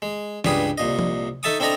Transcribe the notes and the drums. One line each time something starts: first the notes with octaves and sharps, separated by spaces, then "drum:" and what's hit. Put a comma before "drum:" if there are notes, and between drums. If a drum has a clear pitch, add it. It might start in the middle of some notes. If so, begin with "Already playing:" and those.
G#3
C#2 G2 G3 G#4 B4 D#6, drum: snare
C2 A#2 D#5
drum: tom F3
D#4 A4 E5 A5 C#6 D#6
C4 D4 E4 A4 D#5 A#5